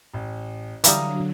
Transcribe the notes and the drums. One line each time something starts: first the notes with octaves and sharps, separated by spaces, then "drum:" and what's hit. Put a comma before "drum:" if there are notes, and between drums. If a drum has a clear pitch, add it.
A1
D3 E3 F#3 G3 F5 A#5 D#6, drum: hi-hat